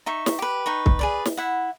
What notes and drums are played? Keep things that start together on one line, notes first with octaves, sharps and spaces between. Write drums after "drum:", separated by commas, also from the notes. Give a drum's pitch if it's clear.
D#4 E5 C#6
drum: snare
G4 B4
D#4 B4 C#6
drum: kick C2
G#4 B4 D5
drum: snare
E4 F#5